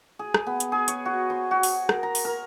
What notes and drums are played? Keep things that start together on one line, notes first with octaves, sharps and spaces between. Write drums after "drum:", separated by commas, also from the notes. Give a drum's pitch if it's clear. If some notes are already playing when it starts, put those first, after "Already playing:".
G#4
drum: rim click
B3
drum: hi-hat
G#4
C#5, drum: hi-hat
F#4
C5
F#4
drum: open hi-hat
A#4, drum: rim click
A#5
drum: open hi-hat
A#4